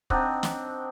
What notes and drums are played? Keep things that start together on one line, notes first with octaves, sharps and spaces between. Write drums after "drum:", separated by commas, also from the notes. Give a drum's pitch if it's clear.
C4 D4 D#4 F#5, drum: kick
drum: snare